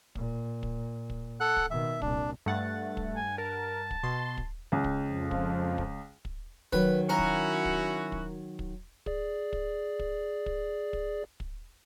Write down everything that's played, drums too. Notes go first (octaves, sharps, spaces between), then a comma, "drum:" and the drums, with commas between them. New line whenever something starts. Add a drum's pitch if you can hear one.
A#2, drum: kick
drum: kick
drum: kick
A4 F#5 F#6
drum: kick
B2 D#3 E5
C2 A#2 D4, drum: kick
G2 A3 F#5 A6
drum: kick
G#5
A#4 A5
drum: kick
B2 C6
drum: kick
C#2
drum: kick
F2 F3
drum: kick
drum: kick
drum: kick
D#3 F#3 B4, drum: kick
C#4 E4 F#4 A#4
drum: kick
drum: kick
drum: kick
drum: kick
G#4 D5, drum: kick
drum: kick
drum: kick
drum: kick
drum: kick
drum: kick